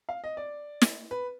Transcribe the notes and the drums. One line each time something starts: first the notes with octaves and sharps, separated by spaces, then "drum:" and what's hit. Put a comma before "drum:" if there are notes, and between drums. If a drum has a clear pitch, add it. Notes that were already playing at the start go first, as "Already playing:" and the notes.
F5
D#5
D5
drum: snare
B4